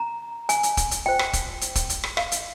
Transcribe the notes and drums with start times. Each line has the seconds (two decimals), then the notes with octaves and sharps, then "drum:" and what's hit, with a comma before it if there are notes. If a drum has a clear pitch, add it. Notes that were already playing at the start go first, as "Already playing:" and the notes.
Already playing: A#5
0.49 G#5, drum: hi-hat
0.63 drum: hi-hat
0.77 drum: kick, hi-hat
0.91 drum: hi-hat
1.06 F4 C5 G5
1.19 drum: rim click
1.33 drum: kick, hi-hat
1.61 drum: hi-hat
1.75 drum: kick, hi-hat
1.89 drum: hi-hat
2.04 drum: rim click
2.17 F5, drum: rim click
2.32 drum: hi-hat